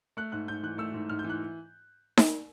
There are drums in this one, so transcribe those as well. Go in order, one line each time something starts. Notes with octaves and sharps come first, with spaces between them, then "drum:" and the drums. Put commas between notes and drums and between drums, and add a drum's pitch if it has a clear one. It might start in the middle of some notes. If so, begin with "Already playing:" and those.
A3 F#6
G#2 F#6
G#2 G6
E3 F#6
A3 E6
G#2
G#2 F6
G6
E3
F#6
drum: snare D#4